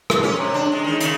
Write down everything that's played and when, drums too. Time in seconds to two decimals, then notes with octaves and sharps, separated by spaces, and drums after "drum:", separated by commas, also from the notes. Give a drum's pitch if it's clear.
0.10 G#2, drum: rim click
0.23 C#4
0.36 C3
0.54 D4
0.72 G#3
0.84 D#3
1.00 C#3, drum: hi-hat